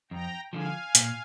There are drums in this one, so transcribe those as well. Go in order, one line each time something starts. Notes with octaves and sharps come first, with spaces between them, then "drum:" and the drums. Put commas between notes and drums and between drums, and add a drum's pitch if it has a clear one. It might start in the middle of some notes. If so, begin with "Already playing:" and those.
F2 G5 A#5
D3 F3 F5 G#5
A#2, drum: hi-hat